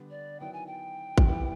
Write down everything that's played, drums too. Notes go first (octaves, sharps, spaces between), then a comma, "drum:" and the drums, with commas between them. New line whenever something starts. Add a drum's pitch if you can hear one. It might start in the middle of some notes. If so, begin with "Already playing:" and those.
Already playing: D3 G3 B3 D4
D5
D#3 F#3 B3 E4 G5
G#5
G5
drum: kick A1
E3 G3 B3 E4